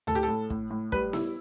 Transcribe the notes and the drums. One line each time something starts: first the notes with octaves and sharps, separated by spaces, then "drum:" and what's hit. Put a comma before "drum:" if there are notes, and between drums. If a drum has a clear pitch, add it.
A2 A4, drum: tom D2
G4
A4
A2
A2, drum: kick
A2
G3 B4, drum: kick
E4, drum: snare B3